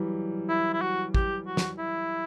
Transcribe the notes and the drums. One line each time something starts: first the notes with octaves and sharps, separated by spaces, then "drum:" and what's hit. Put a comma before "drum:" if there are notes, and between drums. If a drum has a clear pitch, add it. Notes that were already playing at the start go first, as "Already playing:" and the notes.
Already playing: E3 F#3 G3
E4
E4
F#4
G4, drum: kick
F#4
drum: snare
E4